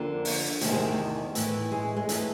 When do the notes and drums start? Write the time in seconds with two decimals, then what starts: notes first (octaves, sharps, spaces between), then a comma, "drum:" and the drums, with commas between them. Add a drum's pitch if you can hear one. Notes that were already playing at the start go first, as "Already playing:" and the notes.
Already playing: F2 D3 A#3
0.25 drum: open hi-hat
0.61 E2 C3 D#3 A3, drum: hi-hat
0.72 G#3
0.82 A3
1.35 A2 E3, drum: hi-hat
1.72 G#3
1.97 G#3
2.09 A2 E3 A3, drum: hi-hat